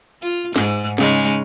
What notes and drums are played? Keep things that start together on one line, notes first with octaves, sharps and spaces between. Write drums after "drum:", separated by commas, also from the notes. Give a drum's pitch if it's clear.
F4, drum: hi-hat
G#2, drum: snare
C#3 G#3 D#4, drum: snare